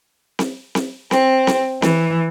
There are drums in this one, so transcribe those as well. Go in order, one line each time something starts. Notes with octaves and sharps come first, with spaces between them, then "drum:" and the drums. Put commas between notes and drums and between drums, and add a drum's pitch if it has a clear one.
drum: snare C4
drum: snare C4
C4, drum: snare C4
drum: snare C4
E3, drum: snare C4